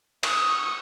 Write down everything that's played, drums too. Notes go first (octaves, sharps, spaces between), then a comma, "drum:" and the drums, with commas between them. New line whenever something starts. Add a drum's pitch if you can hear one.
C#6 D#6, drum: cymbal